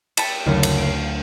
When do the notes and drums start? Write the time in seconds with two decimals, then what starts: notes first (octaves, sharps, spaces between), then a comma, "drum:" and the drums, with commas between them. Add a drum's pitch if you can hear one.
0.17 E5 G5 A5 B5 C#7, drum: cymbal
0.46 F#1 D2
0.63 drum: cymbal
0.78 F5 D7